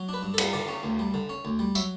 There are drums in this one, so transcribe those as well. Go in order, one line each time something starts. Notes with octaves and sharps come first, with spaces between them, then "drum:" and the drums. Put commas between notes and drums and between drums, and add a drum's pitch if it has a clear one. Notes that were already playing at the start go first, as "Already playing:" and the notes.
Already playing: F#3
D4 B4
G2
A4
B3, drum: cymbal
D3 D5
C#4
D2
G3
D3
C#4
D2
G3
F#3 E5, drum: tambourine